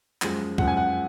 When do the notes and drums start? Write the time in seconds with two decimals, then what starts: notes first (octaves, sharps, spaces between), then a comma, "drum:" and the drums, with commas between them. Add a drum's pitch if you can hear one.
0.22 F#2 F3 G#3, drum: clap
0.58 F#2 F3 G#3 F#5, drum: kick
0.68 G#5
0.77 F#5